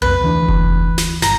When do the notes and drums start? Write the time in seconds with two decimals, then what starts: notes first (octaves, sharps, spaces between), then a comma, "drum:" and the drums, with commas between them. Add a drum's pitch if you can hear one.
0.02 B1 F2 B4
0.21 D2 E3 D4
0.48 drum: kick F1
0.98 drum: snare
1.22 G1 A#5, drum: snare